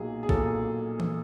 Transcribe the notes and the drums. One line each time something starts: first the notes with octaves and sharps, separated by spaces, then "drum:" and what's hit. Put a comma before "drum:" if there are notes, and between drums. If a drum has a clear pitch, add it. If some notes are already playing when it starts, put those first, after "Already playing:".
Already playing: B1 A#2 F#3 G#4
G#4
B1 A#2 F#3 A4, drum: kick
drum: tom E3